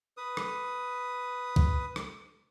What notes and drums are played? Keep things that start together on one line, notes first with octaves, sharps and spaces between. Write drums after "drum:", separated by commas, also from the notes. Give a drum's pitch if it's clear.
B4 D#6
drum: rim click
drum: kick
drum: rim click